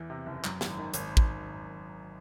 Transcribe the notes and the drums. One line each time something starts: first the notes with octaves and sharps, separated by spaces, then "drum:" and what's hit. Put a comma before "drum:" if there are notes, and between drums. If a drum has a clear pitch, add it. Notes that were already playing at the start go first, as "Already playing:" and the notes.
Already playing: E2 E3
C3
F#1
F#2, drum: clap
G#1, drum: snare
D#3
G#1, drum: hi-hat
drum: kick